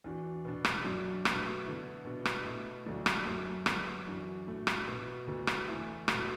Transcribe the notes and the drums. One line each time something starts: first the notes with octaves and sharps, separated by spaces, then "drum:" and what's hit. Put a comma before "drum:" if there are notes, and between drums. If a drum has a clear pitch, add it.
E2 E3 D4 F#4
B2 B3 D4
drum: rim click
F#2 F#3 D4 F#4
B2 A3 F#4, drum: rim click
D3 B3 E4
B2 B3 D4 F#4
drum: rim click
B2 A3 E4
D2 D3 F#3 D4 F#4
drum: rim click
F#2 F#3 A3
D3 F#3 B3, drum: rim click
F#2 E3 D4 F#4
A2 A3 D4 F#4
drum: rim click
B2 B3 F#4
D2 D3 B3 D4 F#4
drum: rim click
E2 E3 A3
B2 A3 F#4, drum: rim click